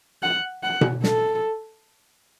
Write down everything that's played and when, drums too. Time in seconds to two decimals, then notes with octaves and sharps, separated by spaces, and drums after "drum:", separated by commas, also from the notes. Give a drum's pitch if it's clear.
0.23 F#5
0.63 F#5
0.81 drum: tom B2
1.04 A4, drum: snare